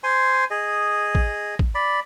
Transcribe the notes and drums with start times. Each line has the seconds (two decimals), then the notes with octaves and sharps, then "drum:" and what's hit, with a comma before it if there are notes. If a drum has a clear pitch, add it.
0.04 C5 G#5 C6
0.50 G#4 D#5
1.15 drum: kick
1.59 drum: kick
1.75 D5 B5